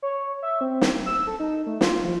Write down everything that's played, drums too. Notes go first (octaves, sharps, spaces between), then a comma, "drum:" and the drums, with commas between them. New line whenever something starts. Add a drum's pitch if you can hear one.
C#5
E5
C4
drum: snare
E6
A4
D#4
A3
F4, drum: snare
F3